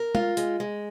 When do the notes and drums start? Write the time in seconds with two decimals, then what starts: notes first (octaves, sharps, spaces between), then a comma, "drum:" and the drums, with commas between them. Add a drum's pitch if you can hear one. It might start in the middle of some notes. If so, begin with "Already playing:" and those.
Already playing: A#4
0.15 F4, drum: tom G#3
0.37 G#3, drum: hi-hat
0.60 G#3